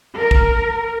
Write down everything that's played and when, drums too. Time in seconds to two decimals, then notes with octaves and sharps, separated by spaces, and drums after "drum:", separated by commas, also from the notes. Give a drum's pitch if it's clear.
0.18 A#4
0.31 drum: kick